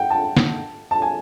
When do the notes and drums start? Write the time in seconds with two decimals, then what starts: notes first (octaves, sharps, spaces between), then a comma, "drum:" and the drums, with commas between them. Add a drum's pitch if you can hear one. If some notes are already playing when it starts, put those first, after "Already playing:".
Already playing: F#5 G5
0.10 A5
0.37 drum: snare
0.91 A5
1.02 G#5